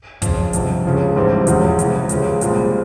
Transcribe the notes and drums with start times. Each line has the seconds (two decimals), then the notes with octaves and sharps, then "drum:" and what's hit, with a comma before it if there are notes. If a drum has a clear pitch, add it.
0.22 F2 C#3 F3, drum: kick, hi-hat
0.53 G1 F2 C3, drum: hi-hat
0.85 C#2 C#3 F3
1.16 A#1 G#2 E3 G3 C4
1.47 E1 E2 C#3 F3, drum: hi-hat
1.79 E2 C3 E3, drum: hi-hat
2.09 C#2 C#3 F3, drum: hi-hat
2.41 C2 A#2 G#3 C4, drum: hi-hat